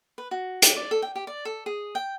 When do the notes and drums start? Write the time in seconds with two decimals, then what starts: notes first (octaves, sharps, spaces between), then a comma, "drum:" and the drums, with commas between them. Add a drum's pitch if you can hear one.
0.18 B4
0.31 F#4
0.62 G4, drum: hi-hat
0.76 D5
0.91 A4
1.02 G5
1.16 G4
1.27 D5
1.45 A4
1.66 G#4
1.95 G5